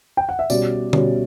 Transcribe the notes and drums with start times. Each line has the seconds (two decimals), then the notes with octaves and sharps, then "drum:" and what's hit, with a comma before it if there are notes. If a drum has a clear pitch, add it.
0.17 G5
0.29 F#5
0.39 E5
0.50 B2 G3 C#4 D5, drum: tambourine
0.93 B2 G3 C#4, drum: tom